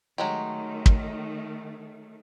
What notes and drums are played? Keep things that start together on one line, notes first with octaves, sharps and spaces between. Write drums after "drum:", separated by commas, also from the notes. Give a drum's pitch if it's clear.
D#3 F#3 G#3 A3 G4
drum: kick